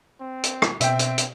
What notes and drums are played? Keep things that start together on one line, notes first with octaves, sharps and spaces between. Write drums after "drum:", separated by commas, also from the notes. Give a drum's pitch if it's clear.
C4
drum: hi-hat
drum: rim click
B2 C4 E5 G5, drum: hi-hat
drum: hi-hat
drum: hi-hat